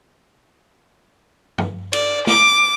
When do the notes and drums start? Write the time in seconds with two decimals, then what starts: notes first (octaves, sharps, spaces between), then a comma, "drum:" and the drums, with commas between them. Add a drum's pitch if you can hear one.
1.58 drum: tom F#2
1.93 D5, drum: cymbal
2.27 D6, drum: snare